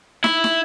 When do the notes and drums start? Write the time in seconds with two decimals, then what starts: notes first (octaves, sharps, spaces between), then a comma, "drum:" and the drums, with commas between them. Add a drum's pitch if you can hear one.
0.24 E4, drum: snare
0.44 drum: snare